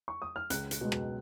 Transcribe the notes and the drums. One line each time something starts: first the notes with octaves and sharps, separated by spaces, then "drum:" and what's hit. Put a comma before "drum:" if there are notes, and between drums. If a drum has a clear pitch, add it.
C#6
D#6
F6
C#2 F#6, drum: hi-hat
drum: hi-hat
B2 G#3
drum: rim click